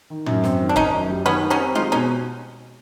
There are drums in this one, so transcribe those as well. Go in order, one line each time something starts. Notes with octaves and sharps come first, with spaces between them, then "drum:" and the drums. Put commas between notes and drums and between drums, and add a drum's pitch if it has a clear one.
D#3
F#2, drum: tom
C4, drum: snare
D#3
D4
D#3 C#4 D#4, drum: kick G1
F#2
G3
D#3 B3 C#4
G3
C#4 D#4
C4
G#3 D#4 F4
B2 C#4 D#4